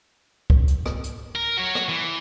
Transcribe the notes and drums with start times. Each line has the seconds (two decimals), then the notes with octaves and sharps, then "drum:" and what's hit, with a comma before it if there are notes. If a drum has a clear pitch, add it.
0.50 drum: kick
0.68 drum: hi-hat
0.86 drum: rim click
1.03 drum: hi-hat
1.35 A#4
1.57 F#4 C#5
1.75 drum: rim click
1.89 E3